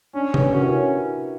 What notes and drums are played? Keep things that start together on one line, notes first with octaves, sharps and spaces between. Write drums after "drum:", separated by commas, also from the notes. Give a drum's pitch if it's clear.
C#4 D4
G4 B4, drum: tom C3
C#4 F#4 A#4
E4 G4